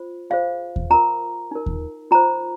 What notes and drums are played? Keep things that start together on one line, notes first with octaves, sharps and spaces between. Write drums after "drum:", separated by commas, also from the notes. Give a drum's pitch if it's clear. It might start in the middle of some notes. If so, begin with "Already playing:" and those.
Already playing: F4 C5
F4 G#4 C5 F5
drum: kick D#2
F4 A#4 A#5
D#4 A#4
drum: kick D#2
F4 C5 A#5